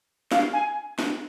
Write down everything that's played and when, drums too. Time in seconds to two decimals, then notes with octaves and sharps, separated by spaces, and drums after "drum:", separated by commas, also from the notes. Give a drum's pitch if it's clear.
0.32 F5, drum: snare
0.53 G#5
0.99 drum: snare